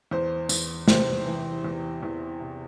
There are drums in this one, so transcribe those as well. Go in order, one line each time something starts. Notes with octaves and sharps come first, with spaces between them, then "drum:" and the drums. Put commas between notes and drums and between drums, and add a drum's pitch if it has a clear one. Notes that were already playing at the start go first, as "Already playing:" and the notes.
E2 C5
E2, drum: tambourine
C3 C5, drum: snare
E3
E2
E2
C3